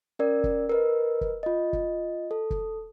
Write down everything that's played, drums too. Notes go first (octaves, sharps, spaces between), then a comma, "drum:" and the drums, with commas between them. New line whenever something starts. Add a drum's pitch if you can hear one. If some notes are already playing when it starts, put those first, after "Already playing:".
C#4 A#4 D5
drum: kick
A#4 B4 D#5
drum: kick
F4 D#5
drum: kick
A4
drum: kick